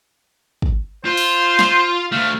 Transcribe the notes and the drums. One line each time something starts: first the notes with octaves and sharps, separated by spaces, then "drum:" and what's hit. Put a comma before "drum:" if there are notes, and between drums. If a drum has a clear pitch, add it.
drum: kick
F4 C5
drum: open hi-hat
drum: snare
D2 A3 F5